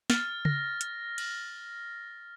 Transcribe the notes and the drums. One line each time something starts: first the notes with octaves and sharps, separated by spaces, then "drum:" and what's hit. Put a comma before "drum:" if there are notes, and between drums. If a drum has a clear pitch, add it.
F6 A6, drum: snare
A#6, drum: tom C#3
drum: hi-hat
drum: cymbal